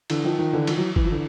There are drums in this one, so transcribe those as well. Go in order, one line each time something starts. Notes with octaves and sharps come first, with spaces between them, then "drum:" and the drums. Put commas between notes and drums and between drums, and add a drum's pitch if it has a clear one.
D3 E3, drum: cymbal
D#3 F3
D#3 F3
D3 E3
D#3 F3, drum: cymbal
E3 F#3
E3, drum: kick
F3
D3 E3